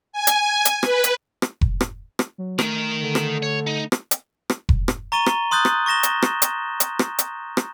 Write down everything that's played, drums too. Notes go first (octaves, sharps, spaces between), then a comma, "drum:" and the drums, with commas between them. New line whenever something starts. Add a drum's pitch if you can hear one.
G#5
drum: hi-hat
drum: hi-hat
B4, drum: rim click
drum: hi-hat
drum: rim click
drum: kick F1
drum: rim click
drum: rim click
F#3
D#3 A3 A#4, drum: rim click
D3
drum: rim click
C#5
D#4
drum: rim click
drum: hi-hat
drum: rim click
drum: kick F1
drum: rim click
A#5 C#6 A6 D#7 G7
drum: rim click
C6 D#6 F#6 G6 A6
drum: rim click
C#6 A6 A#6 E7 G7
drum: hi-hat
drum: rim click
drum: hi-hat
drum: hi-hat
drum: rim click
drum: hi-hat
drum: rim click